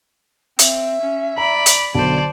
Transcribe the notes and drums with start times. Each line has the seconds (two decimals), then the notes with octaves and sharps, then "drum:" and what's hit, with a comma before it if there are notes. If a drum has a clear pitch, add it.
0.59 C4 E5, drum: hi-hat
1.01 C#4
1.38 D5 A#5 B5
1.66 drum: hi-hat
1.95 B1 D3 C5 D5 A5